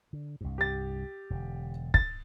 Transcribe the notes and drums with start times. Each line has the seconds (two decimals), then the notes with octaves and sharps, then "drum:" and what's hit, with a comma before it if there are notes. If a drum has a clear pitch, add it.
0.13 D3
0.41 C2 G2
0.58 G4 A6
1.30 E1 D3
1.94 A6, drum: kick